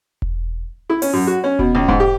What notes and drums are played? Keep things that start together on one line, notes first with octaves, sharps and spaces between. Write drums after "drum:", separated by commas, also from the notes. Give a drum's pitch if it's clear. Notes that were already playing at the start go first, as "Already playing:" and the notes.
drum: kick E1
E4
C#4, drum: open hi-hat
F#2
F#4
C#4
B2, drum: kick E1
C#2
G#2, drum: kick E1
G4